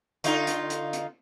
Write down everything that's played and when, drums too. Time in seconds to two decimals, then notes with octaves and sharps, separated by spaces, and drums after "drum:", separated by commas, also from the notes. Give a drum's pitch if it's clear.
0.24 D3 D#4 F4, drum: hi-hat
0.47 drum: hi-hat
0.70 drum: hi-hat
0.93 drum: hi-hat